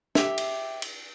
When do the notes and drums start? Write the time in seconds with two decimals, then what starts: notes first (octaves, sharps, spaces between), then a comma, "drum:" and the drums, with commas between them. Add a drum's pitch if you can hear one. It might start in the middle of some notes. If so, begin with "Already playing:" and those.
0.15 G4 E5, drum: snare
0.38 drum: cymbal
0.82 drum: cymbal